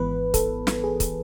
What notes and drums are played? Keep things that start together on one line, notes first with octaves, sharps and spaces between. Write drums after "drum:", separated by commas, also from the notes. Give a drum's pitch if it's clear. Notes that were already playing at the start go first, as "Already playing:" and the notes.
Already playing: G#1 G#2 E3 B3 B4
A4, drum: kick C#1, hi-hat
drum: snare
G#4
drum: kick C#1, hi-hat